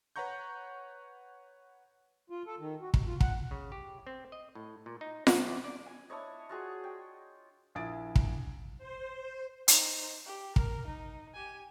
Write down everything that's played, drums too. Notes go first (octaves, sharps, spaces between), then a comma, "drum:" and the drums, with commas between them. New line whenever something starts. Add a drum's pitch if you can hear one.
B4 C#5 F#5 A#5 C#6 G6
F4
A4
D#3
F#4
D#2, drum: kick
F4
F#5, drum: kick
C#3
G4
C4
D#5
A2
A#2
D#4
C2, drum: snare F4
E2
D5
G#5
D4 E4 C#5 D#5
F4 F#4 G#4
G5
A#1 E4 G#5 D#6 A6 D7
drum: kick
C5
D#4 C5, drum: hi-hat
G4
A#4, drum: kick
D#4
G4 G#5